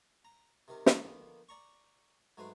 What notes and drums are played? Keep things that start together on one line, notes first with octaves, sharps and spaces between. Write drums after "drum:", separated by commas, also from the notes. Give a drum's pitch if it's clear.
A#5
C3 D#3 G4 A#4
D3 D#3 F3 A#3 B3, drum: snare
D5 A#5 C#6
G#2 F#3 A3 B4 C5